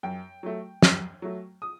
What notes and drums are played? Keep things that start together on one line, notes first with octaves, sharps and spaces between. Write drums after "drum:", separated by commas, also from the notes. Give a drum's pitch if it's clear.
F#2 G5
F#3 A3
F#2, drum: snare
F#3 A3
D#6